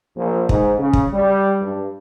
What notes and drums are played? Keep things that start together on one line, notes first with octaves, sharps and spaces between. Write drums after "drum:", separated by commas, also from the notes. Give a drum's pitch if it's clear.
A#1
G#2, drum: kick
C#3
drum: kick
G3
G2